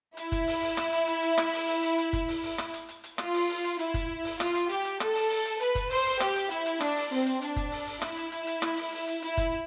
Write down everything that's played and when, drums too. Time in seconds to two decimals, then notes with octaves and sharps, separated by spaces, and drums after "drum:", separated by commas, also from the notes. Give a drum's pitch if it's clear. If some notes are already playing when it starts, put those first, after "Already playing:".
0.17 E4, drum: hi-hat
0.32 drum: kick, hi-hat
0.47 drum: open hi-hat
0.62 drum: open hi-hat
0.77 drum: rim click
0.92 drum: hi-hat
1.07 drum: hi-hat
1.22 drum: hi-hat
1.38 drum: rim click
1.53 drum: open hi-hat
1.68 drum: open hi-hat
1.83 drum: hi-hat
1.98 drum: hi-hat
2.13 drum: kick, hi-hat
2.28 drum: open hi-hat
2.43 drum: open hi-hat
2.58 drum: rim click
2.73 drum: hi-hat
2.88 drum: hi-hat
3.04 drum: hi-hat
3.18 F4, drum: rim click
3.34 drum: open hi-hat
3.49 drum: open hi-hat
3.64 drum: hi-hat
3.79 E4, drum: hi-hat
3.94 drum: kick, hi-hat
4.24 drum: open hi-hat
4.40 F4, drum: rim click
4.55 drum: hi-hat
4.69 G4, drum: hi-hat
4.85 drum: hi-hat
5.00 A4, drum: rim click
5.15 drum: open hi-hat
5.30 drum: open hi-hat
5.45 drum: hi-hat
5.60 B4, drum: hi-hat
5.75 drum: kick, hi-hat
5.90 C5, drum: open hi-hat
6.05 drum: open hi-hat
6.20 G4, drum: rim click
6.36 drum: hi-hat
6.51 E4, drum: hi-hat
6.66 drum: hi-hat
6.81 D4, drum: rim click
6.96 drum: open hi-hat
7.12 C4, drum: open hi-hat
7.26 drum: hi-hat
7.42 D4, drum: hi-hat
7.56 drum: kick, hi-hat
7.71 drum: open hi-hat
7.87 drum: open hi-hat
8.02 E4, drum: rim click
8.17 drum: hi-hat
8.32 drum: hi-hat
8.47 drum: hi-hat
8.62 drum: rim click
8.77 drum: open hi-hat
8.92 drum: open hi-hat
9.07 drum: hi-hat
9.22 E4, drum: hi-hat
9.37 drum: kick, hi-hat